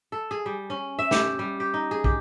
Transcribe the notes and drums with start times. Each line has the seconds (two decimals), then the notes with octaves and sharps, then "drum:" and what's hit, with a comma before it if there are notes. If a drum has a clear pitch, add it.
0.12 A4
0.31 G#4
0.46 G3
0.70 C#4
0.99 E5
1.11 G4, drum: snare
1.39 G3
1.60 G4
1.74 D#4
1.91 G#4
2.04 G4, drum: kick